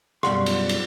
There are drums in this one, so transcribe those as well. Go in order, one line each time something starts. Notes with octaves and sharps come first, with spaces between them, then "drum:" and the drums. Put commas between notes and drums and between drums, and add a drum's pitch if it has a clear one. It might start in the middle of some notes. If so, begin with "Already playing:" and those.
F#2 B2 G3 F5 F#5 C6, drum: rim click
drum: cymbal
drum: cymbal